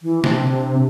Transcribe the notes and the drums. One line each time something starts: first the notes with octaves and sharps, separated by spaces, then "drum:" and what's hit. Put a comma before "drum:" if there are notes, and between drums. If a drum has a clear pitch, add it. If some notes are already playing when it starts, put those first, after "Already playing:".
E3
C3 D4, drum: snare